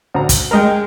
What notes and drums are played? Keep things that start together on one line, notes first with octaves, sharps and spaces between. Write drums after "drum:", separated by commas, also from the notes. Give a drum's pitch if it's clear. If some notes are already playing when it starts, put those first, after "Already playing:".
D2 A#5
drum: kick, hi-hat
G#3 A#4 D#5 G5